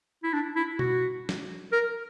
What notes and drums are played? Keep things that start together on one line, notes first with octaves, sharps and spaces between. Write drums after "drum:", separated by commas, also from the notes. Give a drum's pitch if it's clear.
E4
D4
E4
F#4, drum: tom B2
drum: snare
A#4